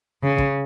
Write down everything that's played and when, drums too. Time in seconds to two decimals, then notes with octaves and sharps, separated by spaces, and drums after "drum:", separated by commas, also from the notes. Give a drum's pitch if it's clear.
0.23 C#3
0.38 drum: kick